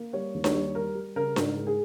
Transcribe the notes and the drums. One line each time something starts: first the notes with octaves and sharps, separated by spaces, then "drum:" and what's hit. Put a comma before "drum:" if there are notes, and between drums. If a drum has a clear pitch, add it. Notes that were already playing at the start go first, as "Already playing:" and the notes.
Already playing: A#3
G3 C#5
D#2
C#5, drum: snare D4
G3
G3 A#4
G3
C#3 A#4
G#2 A#4, drum: snare D4
G#3
G#4